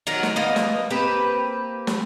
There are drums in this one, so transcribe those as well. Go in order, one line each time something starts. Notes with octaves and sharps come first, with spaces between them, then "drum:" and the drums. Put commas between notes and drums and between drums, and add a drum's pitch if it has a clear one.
D#3 F#3 A#4 F#5
drum: snare
A#3 B3 D#5
drum: snare
A#3 C4 G4 B4
drum: snare